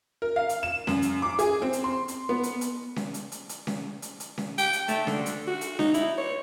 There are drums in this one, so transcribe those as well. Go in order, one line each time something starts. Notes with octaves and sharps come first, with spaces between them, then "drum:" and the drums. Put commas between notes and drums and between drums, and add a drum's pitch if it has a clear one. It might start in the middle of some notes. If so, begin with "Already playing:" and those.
A#4
F5
drum: hi-hat
E7
F#2, drum: snare C#4
drum: hi-hat
D6
G#4, drum: hi-hat
C4
drum: hi-hat
C6
drum: hi-hat
B3
drum: hi-hat
drum: hi-hat
drum: snare C#4
drum: hi-hat
drum: hi-hat
drum: hi-hat
drum: snare C#4
drum: hi-hat
drum: hi-hat
drum: snare C#4
G5, drum: hi-hat
drum: hi-hat
A3, drum: hi-hat
D3, drum: snare C#4
drum: hi-hat
F#4
drum: hi-hat
D#4, drum: snare C#4
E4, drum: hi-hat
C#5